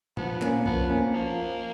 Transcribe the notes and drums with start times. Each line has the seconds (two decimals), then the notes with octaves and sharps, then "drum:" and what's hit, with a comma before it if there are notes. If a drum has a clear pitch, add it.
0.17 F3 B3, drum: tom A#2
0.41 A#3 C#4, drum: clap
0.66 F3 B3, drum: kick B1
0.89 A#3 C#4
1.14 F3 A#3